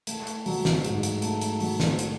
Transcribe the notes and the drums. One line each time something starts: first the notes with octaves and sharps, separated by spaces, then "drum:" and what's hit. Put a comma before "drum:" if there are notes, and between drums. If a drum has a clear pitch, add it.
A3, drum: hi-hat
drum: hi-hat
F#3, drum: open hi-hat
drum: snare
G#2, drum: hi-hat
drum: hi-hat
A3, drum: hi-hat
drum: hi-hat
F#3, drum: open hi-hat
drum: snare
drum: hi-hat